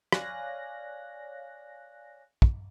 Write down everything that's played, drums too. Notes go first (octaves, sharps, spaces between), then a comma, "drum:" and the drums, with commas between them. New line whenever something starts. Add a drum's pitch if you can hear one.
C#5 D5 F5 G#5 F#6 A#6, drum: rim click
drum: kick